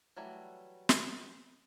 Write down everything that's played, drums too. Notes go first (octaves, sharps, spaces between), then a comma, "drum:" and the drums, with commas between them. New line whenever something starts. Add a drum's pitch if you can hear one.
E3 F#3 G3 A3
drum: snare